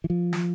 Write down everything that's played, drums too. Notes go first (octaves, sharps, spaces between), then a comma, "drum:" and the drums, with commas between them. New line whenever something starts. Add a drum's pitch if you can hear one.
E3
F3
drum: snare